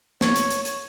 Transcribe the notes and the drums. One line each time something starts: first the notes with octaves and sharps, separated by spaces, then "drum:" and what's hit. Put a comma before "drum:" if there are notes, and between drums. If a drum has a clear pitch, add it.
C#5, drum: snare
drum: hi-hat
drum: hi-hat
drum: hi-hat